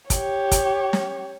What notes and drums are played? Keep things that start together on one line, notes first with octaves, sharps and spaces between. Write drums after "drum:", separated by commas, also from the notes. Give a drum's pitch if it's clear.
G4 C#5, drum: kick, hi-hat
drum: kick, hi-hat
drum: snare